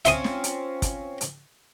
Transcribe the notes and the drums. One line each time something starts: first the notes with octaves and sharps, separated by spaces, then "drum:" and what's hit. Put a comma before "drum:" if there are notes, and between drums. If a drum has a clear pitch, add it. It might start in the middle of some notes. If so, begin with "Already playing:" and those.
C4 C#4 F4 E5 C6 D#6, drum: hi-hat
drum: snare
drum: hi-hat
drum: kick, hi-hat
drum: hi-hat